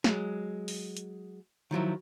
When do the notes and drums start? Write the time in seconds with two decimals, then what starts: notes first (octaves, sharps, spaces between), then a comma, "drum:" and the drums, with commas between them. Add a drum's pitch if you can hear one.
0.04 F#3 G#3, drum: snare
0.68 drum: open hi-hat
0.97 drum: hi-hat
1.71 D#3 F3 F#3 E4